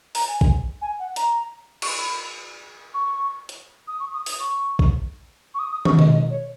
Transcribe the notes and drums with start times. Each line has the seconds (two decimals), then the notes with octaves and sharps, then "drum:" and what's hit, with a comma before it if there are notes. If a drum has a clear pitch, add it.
0.15 A#5, drum: open hi-hat
0.28 G#5
0.41 drum: kick A#1
0.81 G#5
0.99 F#5
1.16 A#5, drum: hi-hat
1.82 C#6, drum: cymbal
1.88 B5
2.94 C#6
3.49 drum: hi-hat
3.87 D#6
4.00 C#6
4.13 D#6
4.26 D#6, drum: open hi-hat
4.40 C#6
4.79 drum: kick A#1
5.54 C#6
5.59 D#6
5.72 D#6
5.85 C#6, drum: tom
5.99 D#5, drum: tom B2
6.12 D#5
6.30 C#5